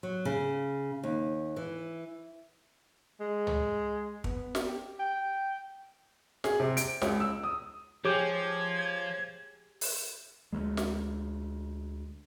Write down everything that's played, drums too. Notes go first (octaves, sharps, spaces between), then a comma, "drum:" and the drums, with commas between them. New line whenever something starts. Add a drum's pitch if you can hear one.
F#3
C#3
D#2
E3
G#3
drum: tom C#2
B3, drum: kick
drum: snare
G4
G5
G#4, drum: snare
C3
D7, drum: hi-hat
C#2, drum: snare
E6
D#6
F3 G4 G#4 C#5 D6 G6 G#6
drum: open hi-hat
D2 G#3
drum: snare